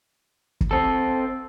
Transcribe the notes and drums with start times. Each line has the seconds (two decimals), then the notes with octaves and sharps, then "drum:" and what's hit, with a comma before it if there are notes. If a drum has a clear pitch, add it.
0.61 drum: kick
0.71 C4 A4